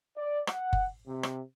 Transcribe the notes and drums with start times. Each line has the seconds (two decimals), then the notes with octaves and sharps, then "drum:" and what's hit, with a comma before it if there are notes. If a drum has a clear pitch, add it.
0.17 D5
0.47 F#5, drum: rim click
0.73 drum: kick F#1
1.06 C3
1.23 drum: rim click